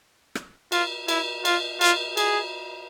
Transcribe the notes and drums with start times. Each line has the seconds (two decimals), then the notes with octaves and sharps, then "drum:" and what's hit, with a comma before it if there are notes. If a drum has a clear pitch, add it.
0.35 drum: rim click
0.72 F4, drum: cymbal
1.08 E4, drum: cymbal
1.45 F4, drum: cymbal
1.81 F4, drum: cymbal
2.17 G#4, drum: cymbal